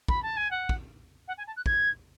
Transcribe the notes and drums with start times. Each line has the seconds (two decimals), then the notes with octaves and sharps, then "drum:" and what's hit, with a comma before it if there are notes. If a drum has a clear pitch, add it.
0.08 B5, drum: kick
0.22 A5
0.36 G#5
0.50 F#5
0.69 drum: kick
1.28 F#5
1.37 G#5
1.47 A5
1.56 F#6
1.66 G#6, drum: kick